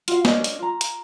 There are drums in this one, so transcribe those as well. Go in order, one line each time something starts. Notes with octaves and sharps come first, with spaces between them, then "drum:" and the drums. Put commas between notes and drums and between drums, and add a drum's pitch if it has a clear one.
F4 F#4 F5, drum: hi-hat
C#4 D4 D#5, drum: snare
drum: hi-hat
F4 A#5
drum: hi-hat